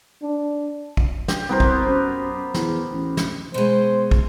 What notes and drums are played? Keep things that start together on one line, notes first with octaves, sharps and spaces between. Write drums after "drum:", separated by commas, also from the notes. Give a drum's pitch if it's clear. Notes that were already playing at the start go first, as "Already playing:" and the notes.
D4
drum: kick
G4, drum: snare
C2 B3 A#4 C5
drum: kick
F#2
E2, drum: snare
A1
drum: snare
B2 G#3 C5
drum: kick